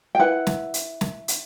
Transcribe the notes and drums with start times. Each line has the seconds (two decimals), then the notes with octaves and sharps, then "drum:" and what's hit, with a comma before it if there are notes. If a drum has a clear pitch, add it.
0.15 G5
0.20 E4 B4 F#5
0.47 drum: snare
0.74 drum: hi-hat
1.01 drum: snare
1.28 drum: hi-hat